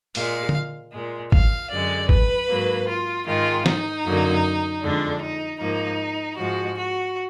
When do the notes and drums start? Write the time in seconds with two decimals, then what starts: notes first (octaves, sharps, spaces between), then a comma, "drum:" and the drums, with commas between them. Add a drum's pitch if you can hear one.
0.15 A#2 G#3 F5, drum: open hi-hat
0.49 drum: tom
0.92 A#2 G#3
1.32 F5, drum: kick
1.70 F#2 D3 G#3 D5
2.09 B4, drum: kick
2.48 G#2 F#3 A#3
2.88 F4
3.26 G#2 D#3 G#3 F4
3.66 D#4, drum: snare
4.04 F#2 D3 F#3 A#3
4.82 F2 D3 G#3 D4
5.21 D#4
5.59 G#2 F3 A#3 D#4
6.37 G#2 F3 G#3 F#4
6.77 F#4